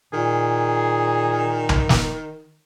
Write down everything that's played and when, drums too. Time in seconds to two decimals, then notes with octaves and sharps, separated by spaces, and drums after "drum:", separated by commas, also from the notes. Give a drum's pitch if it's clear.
0.13 A#2 D#3 G#4
1.69 drum: tom B1
1.89 drum: snare